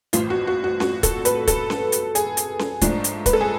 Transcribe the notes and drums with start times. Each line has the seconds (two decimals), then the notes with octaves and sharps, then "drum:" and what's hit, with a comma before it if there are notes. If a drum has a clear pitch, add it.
0.13 A1 A2 F3 F4, drum: hi-hat
0.30 F#4
0.47 F#4
0.64 F#4
0.80 F#4, drum: snare C#4
1.03 A4, drum: kick, hi-hat
1.25 B4, drum: hi-hat
1.47 A4, drum: kick, hi-hat
1.70 drum: snare C#4
1.92 drum: hi-hat
2.15 G#4, drum: hi-hat
2.37 drum: hi-hat
2.59 drum: snare C#4
2.81 G#2 F3 A3 D4, drum: kick, hi-hat
3.04 drum: hi-hat
3.26 B4, drum: kick, hi-hat
3.33 A4
3.41 G#4